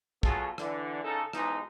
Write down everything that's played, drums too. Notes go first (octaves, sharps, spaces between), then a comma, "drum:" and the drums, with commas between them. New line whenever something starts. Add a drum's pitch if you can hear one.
B2 F#3 F4 G#4 A4, drum: kick
D3 E3, drum: rim click
C#3 C#4 D#4 A4
B1 E2 G#2 E3 G#3 D#4, drum: rim click